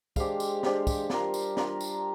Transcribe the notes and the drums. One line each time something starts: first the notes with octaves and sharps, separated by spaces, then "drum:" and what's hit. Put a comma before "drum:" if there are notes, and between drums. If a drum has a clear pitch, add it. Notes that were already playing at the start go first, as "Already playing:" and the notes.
G#3 D4 G4 C5 F5, drum: kick, tambourine
drum: tambourine
D4 G4 C5 F5, drum: snare
drum: kick, tambourine
G3 D4 F4 A#4, drum: snare
drum: tambourine
D4 F4 A#4, drum: snare
drum: tambourine